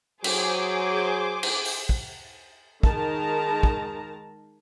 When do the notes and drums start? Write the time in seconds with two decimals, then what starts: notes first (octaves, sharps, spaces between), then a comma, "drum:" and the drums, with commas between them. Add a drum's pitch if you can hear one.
0.24 F#3 G#4 C5 D6, drum: cymbal
1.43 drum: cymbal
1.65 drum: open hi-hat
1.89 drum: kick
2.83 D#3 G#3 A#4 A5 A#5, drum: kick
3.63 drum: kick